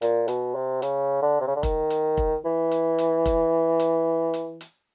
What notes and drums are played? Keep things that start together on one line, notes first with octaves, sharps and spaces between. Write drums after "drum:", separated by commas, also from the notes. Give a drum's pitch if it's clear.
A#2, drum: hi-hat
B2, drum: hi-hat
C3
C#3, drum: hi-hat
D3
C3
C#3
D3
D#3, drum: kick, hi-hat
drum: hi-hat
drum: kick
E3
drum: hi-hat
drum: hi-hat
drum: kick, hi-hat
drum: hi-hat
drum: hi-hat
drum: hi-hat